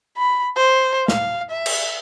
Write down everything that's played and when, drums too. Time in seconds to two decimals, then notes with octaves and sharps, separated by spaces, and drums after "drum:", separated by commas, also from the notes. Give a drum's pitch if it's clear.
0.17 B5
0.56 C5
1.08 F5, drum: snare
1.51 E5
1.66 drum: cymbal